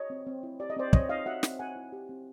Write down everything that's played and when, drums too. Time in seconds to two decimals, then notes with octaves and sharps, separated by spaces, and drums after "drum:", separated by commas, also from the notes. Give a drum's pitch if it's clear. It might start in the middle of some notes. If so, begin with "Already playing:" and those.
Already playing: C#5 D#5
0.10 C4
0.26 C4
0.43 E4
0.60 G4 D5
0.70 D#5
0.77 C4 C5 D5
0.93 C4 C#5 D#5, drum: kick
1.09 D#4 D#5 F5
1.26 F#4 E5 F#5
1.43 C4, drum: snare
1.59 C4 F#5 G#5
1.76 E4
1.92 G4
2.09 C4